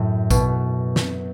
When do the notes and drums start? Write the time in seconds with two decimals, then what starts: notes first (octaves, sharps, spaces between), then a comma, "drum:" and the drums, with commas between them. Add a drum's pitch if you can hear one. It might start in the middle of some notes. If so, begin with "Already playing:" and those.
Already playing: F#2 A2
0.30 B2, drum: kick A#1, tambourine
0.96 drum: snare